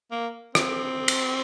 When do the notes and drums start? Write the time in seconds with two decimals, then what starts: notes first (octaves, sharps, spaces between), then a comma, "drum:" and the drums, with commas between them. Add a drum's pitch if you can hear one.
0.12 A#3
0.55 C4, drum: rim click
1.08 drum: cymbal